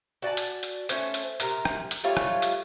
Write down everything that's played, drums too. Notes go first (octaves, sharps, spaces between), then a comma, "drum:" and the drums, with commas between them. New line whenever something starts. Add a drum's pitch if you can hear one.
F#4 D5 G#5 A5
drum: hi-hat
drum: hi-hat
A3 C#4 C5, drum: hi-hat
drum: hi-hat
C3 A#4 A#5, drum: hi-hat
drum: rim click
drum: hi-hat
G3 A3 F4 C#5
drum: rim click
drum: hi-hat